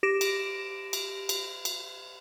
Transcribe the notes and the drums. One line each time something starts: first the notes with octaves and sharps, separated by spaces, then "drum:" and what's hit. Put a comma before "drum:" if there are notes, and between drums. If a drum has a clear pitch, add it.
G4 A#6 D7 E7
drum: cymbal
drum: cymbal
drum: cymbal
drum: cymbal